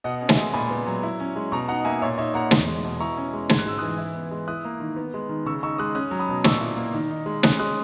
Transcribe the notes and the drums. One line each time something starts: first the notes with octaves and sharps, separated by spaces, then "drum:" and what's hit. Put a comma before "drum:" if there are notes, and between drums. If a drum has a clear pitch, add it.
B2 D#5 F#5
C#4
E5 G#5, drum: snare
G#3
A#2 G#5 B5
B3
F#3
E4
C#4
G#3
B2 A#5 C#6
D#4 F#5 A#5
A#3 E5 G#5
A#2 C#5 E5
D#4 C#5 E5
A#3 F#5 A#5
E2, drum: snare
G#3
B2
E4 A#5 C#6
C#4
G#3
G#2 G#6, drum: snare
F#6
G#3 E6
E3 D#6 F#6
E4
B3
G#3
E4 D#6 F#6
A#3
D#3
B3
G#3
D#3
C#3 C#6 E6
D#4 C#6 E6
G#3 D#6 F#6
C#4 D#6 F#6
F#3
B5 D#6
B2
A#2 C#6 E6, drum: snare
E4
A#3
D#3
D#4
G#3
C#4 D#6 F#6, drum: snare
G#3 D#6 F#6